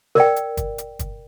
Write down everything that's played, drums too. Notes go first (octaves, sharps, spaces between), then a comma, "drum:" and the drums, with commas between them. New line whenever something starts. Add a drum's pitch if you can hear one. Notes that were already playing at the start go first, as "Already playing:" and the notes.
A#4 D5 G5, drum: snare
drum: hi-hat
drum: kick, hi-hat
drum: hi-hat
drum: kick, hi-hat